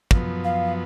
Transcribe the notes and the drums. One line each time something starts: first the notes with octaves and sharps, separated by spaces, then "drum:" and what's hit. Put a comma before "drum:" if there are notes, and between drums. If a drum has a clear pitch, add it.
F#2 F3 B3, drum: kick
F5